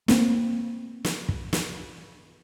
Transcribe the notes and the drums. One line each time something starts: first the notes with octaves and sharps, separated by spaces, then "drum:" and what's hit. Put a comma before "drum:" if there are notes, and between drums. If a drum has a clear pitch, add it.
A#3 C4, drum: snare
drum: snare
drum: kick
drum: snare